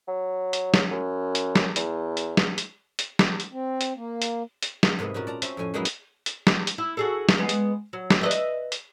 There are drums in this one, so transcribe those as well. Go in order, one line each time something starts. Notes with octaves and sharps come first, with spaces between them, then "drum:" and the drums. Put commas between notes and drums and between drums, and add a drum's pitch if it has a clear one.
F#3
drum: hi-hat
drum: snare
F#2
drum: hi-hat
drum: snare
E2, drum: hi-hat
drum: hi-hat
drum: snare
drum: hi-hat
drum: hi-hat
drum: snare
drum: hi-hat
C4
drum: hi-hat
A#3
drum: hi-hat
drum: hi-hat
drum: snare
G#2 C3 A#3 B3 D#5
A#2 C#4 F4 F#4 A#4
D5 A5 A#5
C4 C#4 C5 E5, drum: hi-hat
F2 A2 C#4 G#5
F#3 G#3 A#3 B3 D#4 E4
drum: hi-hat
drum: hi-hat
drum: snare
drum: hi-hat
E4
F#4 G#4 A4
drum: snare
G#3 B3
drum: hi-hat
F#3
drum: snare
B4 D#5 E5
drum: hi-hat
drum: hi-hat